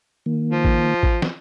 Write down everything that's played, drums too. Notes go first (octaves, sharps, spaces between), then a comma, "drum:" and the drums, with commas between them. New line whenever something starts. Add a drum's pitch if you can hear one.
D#3 A#3
F3
drum: kick A1
drum: kick A1
drum: snare